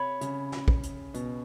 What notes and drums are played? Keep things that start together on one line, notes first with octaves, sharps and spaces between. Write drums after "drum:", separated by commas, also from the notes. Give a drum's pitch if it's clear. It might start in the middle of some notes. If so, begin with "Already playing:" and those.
Already playing: C3 C#5 B5
C#3, drum: hi-hat
drum: snare
drum: kick
drum: hi-hat
B2, drum: hi-hat